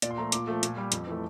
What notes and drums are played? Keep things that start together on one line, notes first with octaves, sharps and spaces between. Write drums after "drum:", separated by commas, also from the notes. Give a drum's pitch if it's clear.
A#2 D5, drum: hi-hat
C6
F3 A3 A#5
A#2 D6, drum: hi-hat
F3 A3
A#2, drum: hi-hat
G3
F2, drum: hi-hat
E3 A3